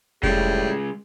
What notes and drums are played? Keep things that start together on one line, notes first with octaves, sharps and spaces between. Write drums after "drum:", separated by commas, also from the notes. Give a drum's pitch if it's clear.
A2 C#3 G3 G#3 G#4, drum: kick F1